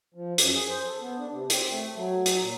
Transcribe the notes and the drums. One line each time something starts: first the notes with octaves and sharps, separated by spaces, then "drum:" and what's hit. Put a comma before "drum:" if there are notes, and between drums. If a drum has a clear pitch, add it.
F3
F#2, drum: hi-hat
G#4
C5
A4
B3
D4
C3
C4, drum: hi-hat
A3
F#3
drum: hi-hat
A#2